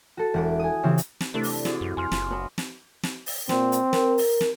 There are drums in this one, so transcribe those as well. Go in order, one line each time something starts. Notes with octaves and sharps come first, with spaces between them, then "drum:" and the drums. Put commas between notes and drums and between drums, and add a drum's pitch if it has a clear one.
F#4 A4
E1 F#5 D6
G#5 D#6
C#3 E3 C4 G4
drum: hi-hat
drum: snare
C3 E3 A3 D4
drum: open hi-hat
C4 E4 F#4 G#4 D5, drum: snare
F#2
F2 G#5 C6 F6
F#1 F4, drum: snare
F#3 B3 D4
drum: snare
drum: snare
drum: open hi-hat
A#2 C4, drum: snare
drum: hi-hat
A#4, drum: snare
drum: open hi-hat
drum: snare